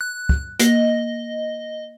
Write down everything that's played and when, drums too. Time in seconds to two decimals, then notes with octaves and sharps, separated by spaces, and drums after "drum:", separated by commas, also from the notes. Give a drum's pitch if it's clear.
0.01 F#6
0.29 drum: kick
0.60 A#3 D#5, drum: hi-hat